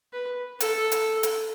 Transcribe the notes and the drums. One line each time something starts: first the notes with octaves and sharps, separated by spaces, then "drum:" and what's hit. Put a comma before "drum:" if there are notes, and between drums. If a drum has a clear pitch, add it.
B4
A4, drum: hi-hat
drum: hi-hat
drum: hi-hat